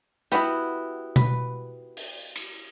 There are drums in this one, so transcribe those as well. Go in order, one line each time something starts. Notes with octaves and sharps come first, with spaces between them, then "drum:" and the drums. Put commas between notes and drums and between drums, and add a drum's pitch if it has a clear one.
B3 E4 F#4 G4 B4 F#5
B4, drum: tom B2
drum: open hi-hat
drum: cymbal